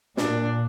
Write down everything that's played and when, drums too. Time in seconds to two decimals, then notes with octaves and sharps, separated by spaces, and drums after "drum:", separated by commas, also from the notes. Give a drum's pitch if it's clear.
0.17 A#2 D4, drum: snare